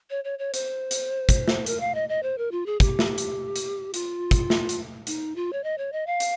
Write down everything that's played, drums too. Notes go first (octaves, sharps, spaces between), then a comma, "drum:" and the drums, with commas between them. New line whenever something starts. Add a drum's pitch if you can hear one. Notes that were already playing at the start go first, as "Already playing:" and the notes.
C#5
C#5
C#5
C5, drum: hi-hat
drum: hi-hat
drum: kick, hi-hat
drum: snare
A#4, drum: hi-hat
F5
D#5
D#5
C5
A#4
F4
G#4
G4, drum: kick, hi-hat
drum: snare
drum: hi-hat
drum: hi-hat
F4, drum: hi-hat
drum: kick, hi-hat
drum: snare
drum: hi-hat
D#4, drum: hi-hat
F4
C#5
D#5
C#5
D#5
F5
drum: hi-hat